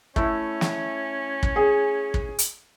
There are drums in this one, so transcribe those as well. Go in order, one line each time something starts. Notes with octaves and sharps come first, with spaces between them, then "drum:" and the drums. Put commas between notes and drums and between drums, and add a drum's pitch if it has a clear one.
A3 C#4 E4, drum: kick
drum: snare
drum: kick
G#4
drum: kick
drum: hi-hat